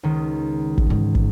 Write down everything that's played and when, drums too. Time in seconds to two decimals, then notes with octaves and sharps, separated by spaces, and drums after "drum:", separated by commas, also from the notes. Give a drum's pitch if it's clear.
0.03 C#2 D#3
0.78 drum: kick
0.87 G#2 E3
1.15 drum: kick